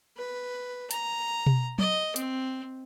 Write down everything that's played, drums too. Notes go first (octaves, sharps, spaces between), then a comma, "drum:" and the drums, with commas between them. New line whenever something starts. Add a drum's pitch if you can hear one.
B4
A#5, drum: hi-hat
drum: tom B2
D#5, drum: tom F#3
C4, drum: hi-hat